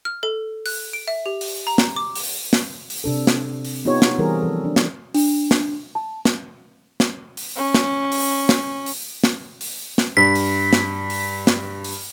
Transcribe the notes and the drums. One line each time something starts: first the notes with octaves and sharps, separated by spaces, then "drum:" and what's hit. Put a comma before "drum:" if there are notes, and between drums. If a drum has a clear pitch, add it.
F6
A4
F#6, drum: open hi-hat
D7
E5
G4
drum: open hi-hat
A#5
drum: snare
D6
drum: open hi-hat
drum: snare
drum: open hi-hat
C3 D4 A4
drum: snare
drum: open hi-hat
B3 D#4 F4 G4 C#5
drum: snare
E3 G3 C4 G#4 A#4
F3 A4
D4
drum: snare
D4, drum: open hi-hat
drum: snare
A5
drum: snare
drum: snare
drum: open hi-hat
C#4
drum: snare
drum: open hi-hat
drum: snare
drum: open hi-hat
drum: snare
drum: open hi-hat
drum: snare
G2 B6
drum: open hi-hat
drum: snare
drum: open hi-hat
drum: snare
drum: open hi-hat